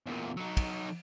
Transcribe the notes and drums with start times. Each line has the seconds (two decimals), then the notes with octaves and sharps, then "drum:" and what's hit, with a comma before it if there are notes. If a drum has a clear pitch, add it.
0.06 E2 A#2
0.37 F#3 D#4
0.57 drum: kick, cymbal